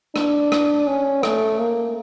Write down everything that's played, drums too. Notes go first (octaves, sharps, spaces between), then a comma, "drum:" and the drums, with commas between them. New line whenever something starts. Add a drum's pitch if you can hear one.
D4, drum: rim click
drum: rim click
C#4
A3, drum: rim click
A#3